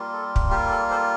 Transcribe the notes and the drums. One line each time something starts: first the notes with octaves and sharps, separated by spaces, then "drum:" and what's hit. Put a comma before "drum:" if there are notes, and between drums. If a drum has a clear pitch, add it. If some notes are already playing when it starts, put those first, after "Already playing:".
Already playing: G3 A#3 F4
A4
drum: kick
G4
A4
A4 C5